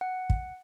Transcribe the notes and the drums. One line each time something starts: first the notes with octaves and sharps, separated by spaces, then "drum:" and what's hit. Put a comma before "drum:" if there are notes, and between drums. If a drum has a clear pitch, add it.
F#5
drum: kick